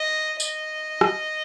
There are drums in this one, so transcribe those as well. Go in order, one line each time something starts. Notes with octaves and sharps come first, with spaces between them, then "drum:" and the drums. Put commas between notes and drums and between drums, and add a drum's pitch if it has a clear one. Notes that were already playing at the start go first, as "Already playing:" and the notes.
Already playing: D#5
D#5, drum: tambourine
drum: rim click